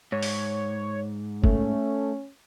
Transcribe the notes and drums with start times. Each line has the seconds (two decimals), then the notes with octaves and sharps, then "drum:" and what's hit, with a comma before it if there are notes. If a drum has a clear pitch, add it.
0.12 G#2 C#5
0.23 drum: open hi-hat
1.44 A3 C#4, drum: kick